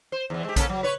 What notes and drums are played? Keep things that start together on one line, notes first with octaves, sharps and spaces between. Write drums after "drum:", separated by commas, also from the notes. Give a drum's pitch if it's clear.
C5
E2 E3
G#3 G4
A#3 C#4 A4, drum: kick A#1, hi-hat
F#3
B4 C#5